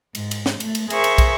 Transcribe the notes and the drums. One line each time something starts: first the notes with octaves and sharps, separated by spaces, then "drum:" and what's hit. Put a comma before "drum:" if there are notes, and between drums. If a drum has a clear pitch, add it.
G#2, drum: cymbal
drum: cymbal
drum: snare
A3, drum: cymbal
drum: cymbal
G#4 A#4 C5 E5 C#6, drum: cymbal
drum: cymbal
drum: kick, cymbal